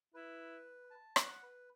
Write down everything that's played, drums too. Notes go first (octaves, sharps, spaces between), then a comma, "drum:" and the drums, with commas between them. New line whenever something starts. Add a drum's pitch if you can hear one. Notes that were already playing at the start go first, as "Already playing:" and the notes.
E4 B4
A5
F#5, drum: rim click
B4